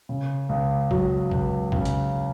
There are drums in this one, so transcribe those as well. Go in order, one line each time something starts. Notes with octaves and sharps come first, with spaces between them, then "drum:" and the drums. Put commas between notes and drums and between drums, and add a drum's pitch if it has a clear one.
C#3
C#2
F#3, drum: kick A#1
C#2, drum: kick A#1
C#3, drum: kick A#1
drum: hi-hat